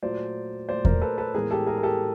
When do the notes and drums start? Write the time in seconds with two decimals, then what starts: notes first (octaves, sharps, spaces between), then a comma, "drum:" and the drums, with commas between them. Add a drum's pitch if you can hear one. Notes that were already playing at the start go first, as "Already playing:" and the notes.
0.03 A#2 F#3 A3 C5 D5
0.68 A#2 F#3 A3 C5 D5
0.85 A#4 C5, drum: kick E2
1.02 A4 B4
1.18 A4 B4
1.34 A2 E3 G#3 B3 G#4 A#4
1.51 G4 A4
1.67 G#4 A#4
1.77 A#4
1.83 G4 A4